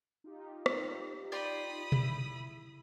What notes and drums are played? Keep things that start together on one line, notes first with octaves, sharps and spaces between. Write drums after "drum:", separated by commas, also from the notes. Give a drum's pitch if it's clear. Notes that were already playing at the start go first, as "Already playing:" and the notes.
D#4 F4 G4
drum: rim click
D5 G5 B5 C6 D#6
E4, drum: tom B2